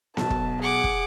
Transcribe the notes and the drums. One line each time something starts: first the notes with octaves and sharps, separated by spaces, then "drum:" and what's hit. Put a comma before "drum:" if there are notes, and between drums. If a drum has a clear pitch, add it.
B1 B2 A5, drum: snare B3
drum: kick
G#4 F#5 D6
drum: kick